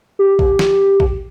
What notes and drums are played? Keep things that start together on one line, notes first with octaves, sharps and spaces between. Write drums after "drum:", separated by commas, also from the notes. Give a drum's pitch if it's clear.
G4
drum: kick
drum: snare
drum: kick